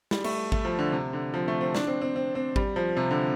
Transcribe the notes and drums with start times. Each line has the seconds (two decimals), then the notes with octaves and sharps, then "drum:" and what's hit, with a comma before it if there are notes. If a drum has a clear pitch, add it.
0.11 G3, drum: snare
0.24 A3, drum: cymbal
0.52 A3, drum: kick G#1
0.65 F3
0.79 D3
0.92 C3
1.13 D3
1.34 F3
1.48 A3
1.61 C4
1.75 D4, drum: snare
1.87 C4
2.01 C4
2.16 C4
2.35 C4
2.56 G3, drum: kick G#1
2.76 F3
2.97 C3
3.11 D3